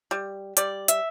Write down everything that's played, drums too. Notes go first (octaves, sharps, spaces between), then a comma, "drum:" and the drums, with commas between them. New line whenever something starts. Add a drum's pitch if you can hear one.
G3
G3 D5, drum: hi-hat
E5, drum: hi-hat